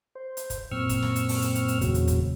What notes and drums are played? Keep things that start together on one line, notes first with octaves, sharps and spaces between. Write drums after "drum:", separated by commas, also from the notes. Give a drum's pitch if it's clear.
C5
drum: hi-hat
drum: kick, hi-hat
F#2 A#2 C4 C#6 E6 F6
drum: kick, hi-hat
drum: snare
drum: hi-hat
drum: open hi-hat
drum: hi-hat
drum: hi-hat
drum: hi-hat
E2 A#2 C#3 F#3, drum: kick, hi-hat
drum: hi-hat
drum: kick, hi-hat